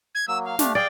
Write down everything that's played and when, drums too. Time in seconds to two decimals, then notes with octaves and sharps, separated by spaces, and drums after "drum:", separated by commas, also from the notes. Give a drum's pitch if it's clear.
0.15 G#6
0.28 F#3 A#3 E6
0.45 F5
0.59 A3 D4 G4, drum: snare
0.75 G#4 D5 F5 G5 G#5